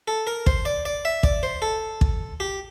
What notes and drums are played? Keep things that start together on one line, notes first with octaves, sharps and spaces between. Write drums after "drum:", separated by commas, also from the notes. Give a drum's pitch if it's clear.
A4
A#4
C5, drum: kick
D5
D5
E5
D5, drum: kick
C5
A4
drum: kick
G4